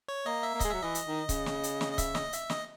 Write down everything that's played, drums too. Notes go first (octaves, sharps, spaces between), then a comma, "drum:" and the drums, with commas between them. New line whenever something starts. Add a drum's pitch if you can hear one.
C#5
A#3 D#5
E5
A#3
G#3 D#5, drum: kick C#1, hi-hat
F#3 E5
E3 D#5
drum: hi-hat
D#3
C#3, drum: kick C#1, hi-hat
drum: snare
drum: hi-hat
drum: snare
D#5
E5, drum: kick C#1, hi-hat
D#5, drum: snare
E5, drum: hi-hat
D#5, drum: snare